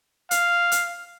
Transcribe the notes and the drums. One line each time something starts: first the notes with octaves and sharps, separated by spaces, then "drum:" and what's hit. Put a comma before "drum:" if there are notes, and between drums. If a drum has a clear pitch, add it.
F5, drum: hi-hat
drum: hi-hat